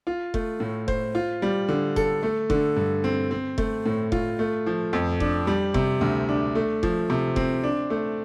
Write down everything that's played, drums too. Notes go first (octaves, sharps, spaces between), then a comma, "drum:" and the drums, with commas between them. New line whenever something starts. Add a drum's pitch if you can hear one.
F4
A3, drum: kick F1
A2
C5, drum: kick F1
F4
G3
D3
A4, drum: kick F1
A3
D3, drum: kick F1
G2
C4
C4
A3, drum: kick F1
A2
F4, drum: kick F1
A3
F3
F2
D4, drum: kick F1
G3
C3, drum: kick F1
D2
D4
A3
F3, drum: kick F1
C3
C4, drum: kick F1
D4
A3